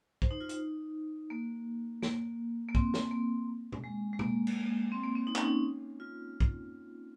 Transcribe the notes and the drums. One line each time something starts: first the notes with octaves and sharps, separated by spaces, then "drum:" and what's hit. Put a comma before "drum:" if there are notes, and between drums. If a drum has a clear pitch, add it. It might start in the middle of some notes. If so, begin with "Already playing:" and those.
C5, drum: kick
D#4
F4
D#4, drum: hi-hat
A#3
A#3, drum: snare
A#3
C4, drum: kick
drum: snare
A#3
drum: tom B2
G#3
G#3
A#3, drum: tom B2
drum: cymbal
C4
A#3
C4
D#4
C#4, drum: clap
D#4
F4
drum: kick